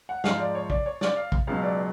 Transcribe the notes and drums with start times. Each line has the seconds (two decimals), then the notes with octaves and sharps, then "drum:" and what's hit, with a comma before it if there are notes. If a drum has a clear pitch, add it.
0.09 F#5
0.24 G#2 F3 F5, drum: snare
0.40 D5
0.55 C#5
0.70 D5, drum: kick
0.86 C#5
1.01 D5, drum: snare
1.17 F5
1.32 drum: kick
1.47 C#2 B2 F#3 F5
1.63 D5